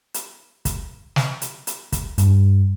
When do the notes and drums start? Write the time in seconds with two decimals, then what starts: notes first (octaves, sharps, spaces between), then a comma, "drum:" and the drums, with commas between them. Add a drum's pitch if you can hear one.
0.14 drum: hi-hat
0.65 drum: kick, hi-hat
1.16 drum: snare
1.42 drum: hi-hat
1.67 drum: hi-hat
1.92 drum: kick, hi-hat
2.18 G2, drum: hi-hat